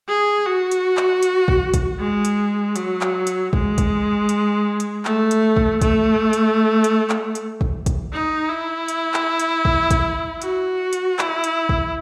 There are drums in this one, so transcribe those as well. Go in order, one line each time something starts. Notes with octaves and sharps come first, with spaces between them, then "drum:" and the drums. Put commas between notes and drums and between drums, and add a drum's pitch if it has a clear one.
G#4
F#4
drum: hi-hat
drum: clap
drum: hi-hat
drum: kick
drum: kick, hi-hat
G#3
drum: hi-hat
F#3, drum: hi-hat
drum: clap
drum: hi-hat
G#3, drum: kick
drum: kick, hi-hat
drum: hi-hat
drum: hi-hat
A3, drum: clap
drum: hi-hat
drum: kick
A3, drum: kick, hi-hat
drum: hi-hat
drum: hi-hat
drum: clap
drum: hi-hat
drum: kick
drum: kick, hi-hat
D#4
E4
drum: hi-hat
drum: clap
drum: hi-hat
drum: kick
drum: kick, hi-hat
F#4, drum: hi-hat
drum: hi-hat
E4, drum: clap
drum: hi-hat
drum: kick